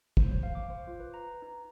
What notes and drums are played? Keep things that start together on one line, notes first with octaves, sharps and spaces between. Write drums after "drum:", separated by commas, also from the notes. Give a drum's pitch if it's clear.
C5, drum: kick
C#5
F5
D6
C5
F4
B4
A#5
D#4